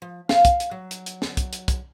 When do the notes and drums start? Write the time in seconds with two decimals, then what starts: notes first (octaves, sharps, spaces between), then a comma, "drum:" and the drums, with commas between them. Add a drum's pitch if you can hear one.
0.02 F3
0.29 F5, drum: snare
0.45 drum: kick, hi-hat
0.60 drum: hi-hat
0.71 F#3
0.91 drum: hi-hat
1.06 drum: hi-hat
1.22 drum: snare
1.37 drum: kick, hi-hat
1.53 drum: hi-hat
1.68 drum: kick, hi-hat